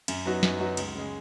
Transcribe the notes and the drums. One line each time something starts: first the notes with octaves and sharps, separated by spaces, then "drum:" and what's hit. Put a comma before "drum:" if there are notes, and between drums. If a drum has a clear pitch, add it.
F#2, drum: cymbal
F#3 B3 D#4 F#4
F#2, drum: snare
F#3 B3 D#4 F#4
C#2, drum: cymbal
C#3 G#3